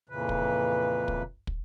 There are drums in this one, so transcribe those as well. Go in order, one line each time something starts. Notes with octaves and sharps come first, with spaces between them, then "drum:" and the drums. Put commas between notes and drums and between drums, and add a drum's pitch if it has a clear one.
F2 A#2 C#3 E3 B4
drum: kick
drum: kick
drum: kick